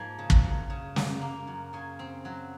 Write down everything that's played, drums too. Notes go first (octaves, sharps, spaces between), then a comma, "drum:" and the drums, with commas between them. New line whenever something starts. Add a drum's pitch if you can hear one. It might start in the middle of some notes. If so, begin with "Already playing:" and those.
Already playing: G#2 F3 A#3 G#5
C#3
drum: kick
F#2
C#3
A#3, drum: snare
A#3
F#2
C#3 G#5
C4
F#3